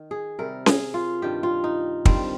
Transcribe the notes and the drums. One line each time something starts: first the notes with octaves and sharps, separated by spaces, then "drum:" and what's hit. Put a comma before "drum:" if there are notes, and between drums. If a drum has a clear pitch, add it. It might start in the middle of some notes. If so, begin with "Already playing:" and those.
Already playing: D#3
G#4
C3 G3 A#4
G#4, drum: snare C#4
F4
G2 D#3 G3 G4
F4
D#4
G2 D#3 G3 C4, drum: kick